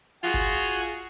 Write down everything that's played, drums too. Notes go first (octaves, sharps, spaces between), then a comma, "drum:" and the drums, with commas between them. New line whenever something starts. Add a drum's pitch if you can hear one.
F4 F#4 G#4
drum: kick G1